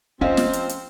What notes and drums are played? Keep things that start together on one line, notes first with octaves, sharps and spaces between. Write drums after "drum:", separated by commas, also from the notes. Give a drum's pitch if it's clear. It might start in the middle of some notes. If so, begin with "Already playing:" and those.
F3 C4 C#4 D#5 F5, drum: kick
drum: snare
drum: hi-hat
drum: hi-hat